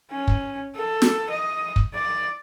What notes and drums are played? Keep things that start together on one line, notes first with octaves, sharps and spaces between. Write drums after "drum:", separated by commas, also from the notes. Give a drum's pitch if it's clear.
C#4
drum: kick
A4
drum: snare
D#5
drum: kick
D5